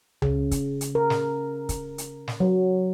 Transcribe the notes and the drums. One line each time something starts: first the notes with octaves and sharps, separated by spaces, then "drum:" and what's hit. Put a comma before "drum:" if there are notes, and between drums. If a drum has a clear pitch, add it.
C#3, drum: tom C#2
drum: kick, hi-hat
drum: hi-hat
A#4
drum: snare
drum: kick, hi-hat
drum: hi-hat
drum: snare
F#3